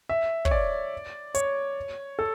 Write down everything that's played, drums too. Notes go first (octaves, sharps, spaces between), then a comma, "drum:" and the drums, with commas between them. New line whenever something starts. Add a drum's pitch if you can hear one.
E5
C#5, drum: kick
D5
C#5, drum: hi-hat
A4